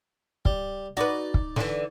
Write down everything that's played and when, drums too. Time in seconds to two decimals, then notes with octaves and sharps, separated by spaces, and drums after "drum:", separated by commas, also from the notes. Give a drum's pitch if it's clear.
0.45 G3, drum: kick
0.97 D#4 F#4 B4 D5
1.34 drum: kick
1.56 D3 E3, drum: snare